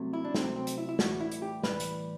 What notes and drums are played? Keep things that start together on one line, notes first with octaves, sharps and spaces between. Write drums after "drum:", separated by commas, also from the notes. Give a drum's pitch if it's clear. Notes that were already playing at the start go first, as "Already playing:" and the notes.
Already playing: C2 C3 F#3 A3
E4
D4
C2 C3 F#3 A3 C4, drum: snare
C4
drum: hi-hat
E4
E4
A2 E3 G3 F#4, drum: snare
E4
drum: hi-hat
G4
A2 E3 G3 B4, drum: snare
drum: hi-hat